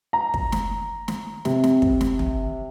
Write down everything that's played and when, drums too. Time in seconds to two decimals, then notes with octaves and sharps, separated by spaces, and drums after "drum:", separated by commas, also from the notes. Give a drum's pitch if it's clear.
0.13 A#5
0.34 drum: kick
0.52 drum: snare
1.08 drum: snare
1.45 C3, drum: snare
1.64 drum: snare
1.82 drum: kick
2.01 drum: snare
2.19 drum: tom